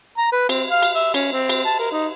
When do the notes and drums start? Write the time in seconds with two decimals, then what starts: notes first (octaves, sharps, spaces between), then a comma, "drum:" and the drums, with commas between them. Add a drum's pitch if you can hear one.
0.18 A#5
0.32 B4
0.49 C4, drum: cymbal
0.70 F5
0.82 drum: cymbal
0.95 E5
1.14 C#4, drum: cymbal
1.33 C4
1.49 drum: cymbal
1.65 A5
1.79 A#4
1.92 D#4